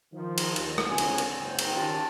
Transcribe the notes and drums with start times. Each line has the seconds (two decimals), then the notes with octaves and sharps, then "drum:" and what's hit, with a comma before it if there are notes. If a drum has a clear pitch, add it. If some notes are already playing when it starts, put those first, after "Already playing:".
0.13 D#3 F3
0.38 drum: cymbal
0.56 D#2, drum: cymbal
0.78 drum: rim click
0.88 C#2 D3 C4 C#4 G#5
0.98 drum: cymbal
1.18 drum: cymbal
1.38 F#1 G#2 C5 G5
1.59 drum: cymbal
1.73 D#3 C#4 F4 G4 G5 A5